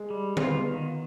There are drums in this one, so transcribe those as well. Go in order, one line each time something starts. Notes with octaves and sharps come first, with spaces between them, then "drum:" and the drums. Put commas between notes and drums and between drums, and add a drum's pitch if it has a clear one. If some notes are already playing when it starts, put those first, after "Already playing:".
Already playing: G#3
G3
C4 F4, drum: tom D3
B3
G#3
D#3 B3